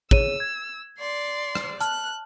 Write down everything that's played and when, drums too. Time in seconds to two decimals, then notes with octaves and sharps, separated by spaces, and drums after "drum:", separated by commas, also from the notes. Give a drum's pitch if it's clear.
0.11 G#4 C#5 E6 D#7, drum: kick
0.40 G#6
0.99 D5 C6
1.55 drum: rim click
1.80 A5 F6 F#6, drum: hi-hat